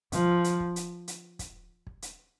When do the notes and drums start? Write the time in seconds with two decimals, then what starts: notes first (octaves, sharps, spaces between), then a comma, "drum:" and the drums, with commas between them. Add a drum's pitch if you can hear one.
0.12 F3, drum: kick, hi-hat
0.44 drum: hi-hat
0.60 drum: kick
0.76 drum: hi-hat
1.08 drum: hi-hat
1.39 drum: kick, hi-hat
1.87 drum: kick
2.02 drum: hi-hat